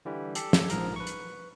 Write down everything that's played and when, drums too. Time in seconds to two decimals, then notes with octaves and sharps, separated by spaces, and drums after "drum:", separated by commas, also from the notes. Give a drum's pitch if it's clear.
0.05 D3 E3 G3
0.35 G4 A4, drum: hi-hat
0.53 drum: snare
0.70 A#1 G#2 F3 A#4 A#5, drum: hi-hat
0.96 B4 C#6
1.07 drum: hi-hat